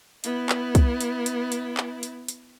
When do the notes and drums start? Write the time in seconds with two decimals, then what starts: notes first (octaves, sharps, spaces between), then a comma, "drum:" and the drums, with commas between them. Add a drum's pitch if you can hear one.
0.24 B3 E4, drum: hi-hat
0.49 drum: clap
0.75 drum: kick, hi-hat
1.01 drum: hi-hat
1.26 drum: hi-hat
1.52 drum: hi-hat
1.77 drum: clap
2.03 drum: hi-hat
2.28 drum: hi-hat